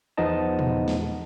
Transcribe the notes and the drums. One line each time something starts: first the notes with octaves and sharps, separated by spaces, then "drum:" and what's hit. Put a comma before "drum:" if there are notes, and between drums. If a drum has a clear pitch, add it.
E2 F3 B3 D#4 D#5 A5
drum: tom A#2
drum: snare